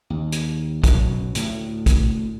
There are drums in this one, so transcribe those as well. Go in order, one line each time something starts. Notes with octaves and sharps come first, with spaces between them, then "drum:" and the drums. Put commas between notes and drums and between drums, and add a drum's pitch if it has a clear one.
D#2
drum: hi-hat
B1 F#2 B2 F#3, drum: kick, hi-hat
D2 A2, drum: hi-hat
drum: kick, hi-hat